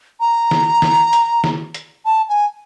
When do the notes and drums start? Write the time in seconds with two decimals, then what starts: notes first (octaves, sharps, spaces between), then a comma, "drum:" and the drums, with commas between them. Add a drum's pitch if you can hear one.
0.20 A#5
0.51 drum: snare
0.82 drum: snare
1.13 drum: hi-hat
1.44 drum: snare
1.74 drum: hi-hat
2.05 A5
2.28 G#5